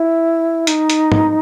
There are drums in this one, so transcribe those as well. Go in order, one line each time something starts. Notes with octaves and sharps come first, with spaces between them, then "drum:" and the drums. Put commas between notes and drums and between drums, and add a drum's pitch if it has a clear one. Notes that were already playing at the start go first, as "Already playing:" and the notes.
Already playing: E4
D#4, drum: hi-hat
drum: hi-hat
drum: tom